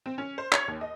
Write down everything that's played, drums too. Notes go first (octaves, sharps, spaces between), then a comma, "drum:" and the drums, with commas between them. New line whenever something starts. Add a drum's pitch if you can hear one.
C4
C#4
C5
C#5, drum: clap
D#2
D#5